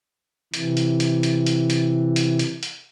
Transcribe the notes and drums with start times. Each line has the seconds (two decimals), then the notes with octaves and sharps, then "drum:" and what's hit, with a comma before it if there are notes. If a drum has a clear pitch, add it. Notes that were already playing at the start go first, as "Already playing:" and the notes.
0.54 C3 E3, drum: hi-hat
0.77 drum: hi-hat
1.00 drum: hi-hat
1.23 drum: hi-hat
1.46 drum: hi-hat
1.70 drum: hi-hat
2.16 drum: hi-hat
2.39 drum: hi-hat
2.63 drum: hi-hat